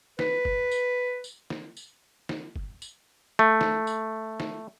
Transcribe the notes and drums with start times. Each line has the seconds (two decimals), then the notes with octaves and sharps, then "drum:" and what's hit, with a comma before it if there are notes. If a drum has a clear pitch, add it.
0.19 B4, drum: snare
0.45 drum: kick
0.71 drum: tambourine
1.24 drum: tambourine
1.50 drum: snare
1.77 drum: tambourine
2.29 drum: snare
2.56 drum: kick
2.82 drum: tambourine
3.39 A3
3.61 drum: snare
3.87 drum: tambourine
4.40 drum: snare